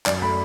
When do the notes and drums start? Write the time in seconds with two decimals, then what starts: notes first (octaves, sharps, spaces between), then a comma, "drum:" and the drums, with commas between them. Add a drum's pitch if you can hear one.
0.06 F#2 D5, drum: clap
0.22 A3 B5